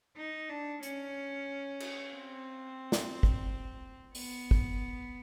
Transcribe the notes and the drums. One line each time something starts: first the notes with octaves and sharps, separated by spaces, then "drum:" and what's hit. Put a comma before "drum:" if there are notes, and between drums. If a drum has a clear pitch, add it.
D#4
D4
C#4, drum: hi-hat
drum: cymbal
C4
drum: snare
drum: kick
B3, drum: open hi-hat
drum: kick